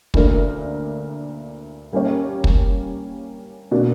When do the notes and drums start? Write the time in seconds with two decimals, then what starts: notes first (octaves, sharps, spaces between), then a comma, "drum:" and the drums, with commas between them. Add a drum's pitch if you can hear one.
0.14 D2 D3 A#3 D4 A#4, drum: kick
1.93 G3 A#3 C#4 G4 C#5
2.44 drum: kick
3.71 B2 A#3 D4 F#4